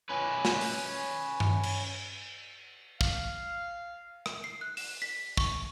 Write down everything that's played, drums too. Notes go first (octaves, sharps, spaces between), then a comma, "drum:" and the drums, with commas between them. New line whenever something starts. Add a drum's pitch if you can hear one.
C#4 B4
drum: snare
drum: open hi-hat
drum: tom G2
drum: cymbal
F5, drum: kick
drum: rim click
C7
F#6
E7, drum: open hi-hat
B6
C#6, drum: kick